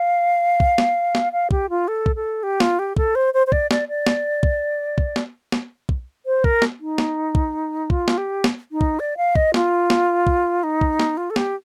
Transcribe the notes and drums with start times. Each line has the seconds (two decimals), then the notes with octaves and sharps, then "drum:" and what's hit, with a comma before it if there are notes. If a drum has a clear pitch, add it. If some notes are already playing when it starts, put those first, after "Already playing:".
Already playing: F5
0.60 drum: kick
0.78 drum: snare
1.15 drum: snare
1.32 F5
1.51 G4, drum: kick
1.69 F4
1.88 A4
2.06 drum: kick
2.16 A4
2.43 G4
2.60 F4, drum: snare
2.79 G4
2.97 A4, drum: kick
3.15 C5
3.34 C5
3.47 C5
3.52 D5, drum: kick
3.71 D5, drum: snare
3.88 D5
4.07 drum: snare
4.43 drum: kick
4.98 drum: kick
5.16 drum: snare
5.52 drum: snare
5.89 drum: kick
6.26 C5
6.44 A#4, drum: kick
6.62 drum: snare
6.80 D#4
6.98 drum: snare
7.35 drum: kick
7.90 F4, drum: kick
8.08 drum: snare
8.17 G4
8.44 drum: snare
8.72 D#4
8.81 drum: kick
8.99 D5
9.17 F5
9.35 D#5, drum: kick
9.54 F4, drum: snare
9.90 drum: snare
10.27 drum: kick
10.63 D#4
10.81 drum: kick
10.99 drum: snare
11.17 F4
11.30 A4
11.36 G4, drum: snare